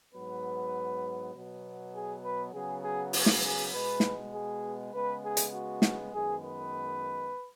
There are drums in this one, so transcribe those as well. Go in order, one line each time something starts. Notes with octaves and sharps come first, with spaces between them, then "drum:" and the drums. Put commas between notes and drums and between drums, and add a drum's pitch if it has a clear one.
G#2 F#3 B3 B4
B2 F#3 B3
G#4
B4
C#3 F#3 B3 G#4
G#4
F#4, drum: open hi-hat
drum: snare
G#4
B2 G#3 B3 B4
drum: snare
G#4
C#3 G#3 B3 B4
G#4
drum: hi-hat
F#4
drum: snare
F#2 D#3 G#3 B3 G#4
B4